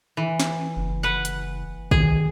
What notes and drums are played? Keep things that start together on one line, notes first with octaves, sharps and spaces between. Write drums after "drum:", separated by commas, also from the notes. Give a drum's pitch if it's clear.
E3
drum: snare
F#1
B4 F#5
drum: hi-hat
D#3 G#4, drum: kick